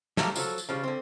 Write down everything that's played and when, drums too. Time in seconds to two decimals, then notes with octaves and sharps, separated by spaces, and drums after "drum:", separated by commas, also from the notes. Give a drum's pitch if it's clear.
0.17 D3 F#3 A3 A#3 G4 A#4, drum: snare
0.36 F3 F#3 A4, drum: tambourine
0.58 drum: tambourine
0.69 C#3 F3 G3
0.83 D3 C4